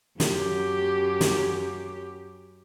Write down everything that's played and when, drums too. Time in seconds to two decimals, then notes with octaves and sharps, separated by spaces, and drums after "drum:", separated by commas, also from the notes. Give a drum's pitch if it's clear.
0.20 F#2 G4, drum: snare
1.21 drum: snare